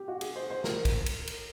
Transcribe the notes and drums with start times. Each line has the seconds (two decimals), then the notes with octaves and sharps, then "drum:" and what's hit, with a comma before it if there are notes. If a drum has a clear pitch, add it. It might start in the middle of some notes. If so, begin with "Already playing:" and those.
Already playing: G4
0.08 F#4
0.21 G#4, drum: cymbal
0.36 C5
0.50 C5
0.64 A#4, drum: snare
0.85 drum: kick, cymbal
1.06 drum: cymbal
1.27 drum: cymbal